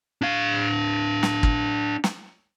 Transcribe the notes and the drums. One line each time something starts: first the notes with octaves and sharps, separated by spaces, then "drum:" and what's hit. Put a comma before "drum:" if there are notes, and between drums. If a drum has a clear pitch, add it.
D4 F5
drum: snare
drum: kick
drum: snare